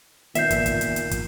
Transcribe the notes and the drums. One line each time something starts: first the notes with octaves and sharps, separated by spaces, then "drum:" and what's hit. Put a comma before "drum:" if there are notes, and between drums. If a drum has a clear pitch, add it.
A#2 D#3 B3 E5 G6 C7 E7, drum: hi-hat
drum: kick, hi-hat
drum: kick, hi-hat
drum: hi-hat
drum: hi-hat
drum: kick, hi-hat